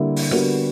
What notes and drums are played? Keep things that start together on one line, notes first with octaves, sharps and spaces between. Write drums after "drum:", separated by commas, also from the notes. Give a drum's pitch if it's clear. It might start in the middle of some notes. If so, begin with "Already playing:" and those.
Already playing: D3 G3 A#3 E4
drum: open hi-hat
D3 G3 B3 F#4 A#4, drum: rim click